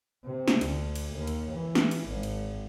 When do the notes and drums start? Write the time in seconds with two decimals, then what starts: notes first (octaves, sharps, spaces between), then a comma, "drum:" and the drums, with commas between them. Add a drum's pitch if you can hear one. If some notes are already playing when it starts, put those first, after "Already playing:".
0.24 C3
0.48 drum: snare
0.61 D2, drum: cymbal
0.95 drum: cymbal
1.14 D#2
1.27 drum: cymbal
1.51 E3
1.75 drum: snare
1.91 drum: cymbal
2.07 G#1
2.23 drum: cymbal